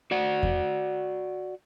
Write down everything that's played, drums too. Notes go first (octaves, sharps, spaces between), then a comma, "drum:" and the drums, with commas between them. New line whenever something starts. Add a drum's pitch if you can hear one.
F#4 D5 F#5
drum: kick E2